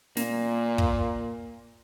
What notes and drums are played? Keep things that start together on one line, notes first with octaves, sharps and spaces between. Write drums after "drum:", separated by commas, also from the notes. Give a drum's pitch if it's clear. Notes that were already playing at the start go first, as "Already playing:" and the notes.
A#2 A#3, drum: snare
drum: kick